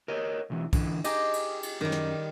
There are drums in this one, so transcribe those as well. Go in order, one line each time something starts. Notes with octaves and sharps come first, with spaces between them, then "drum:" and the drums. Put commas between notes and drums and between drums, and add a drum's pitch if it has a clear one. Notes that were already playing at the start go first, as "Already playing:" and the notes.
A#4 C#5 D#5
B1 E3
D3 E3, drum: kick, cymbal
D#4 G4 G#4 D#5, drum: cymbal
drum: cymbal
drum: cymbal
F#2 D#3 G3
drum: snare